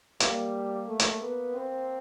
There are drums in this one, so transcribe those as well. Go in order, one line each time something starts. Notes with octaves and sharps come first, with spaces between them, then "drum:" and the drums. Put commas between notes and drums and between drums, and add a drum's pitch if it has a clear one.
G3 A#3, drum: hi-hat
A3
drum: hi-hat
B3
C4